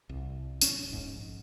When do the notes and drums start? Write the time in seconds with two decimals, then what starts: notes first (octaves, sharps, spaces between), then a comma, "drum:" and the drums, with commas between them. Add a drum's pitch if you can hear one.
0.09 C2
0.61 D1 C#4, drum: tambourine
0.93 A#1 G#2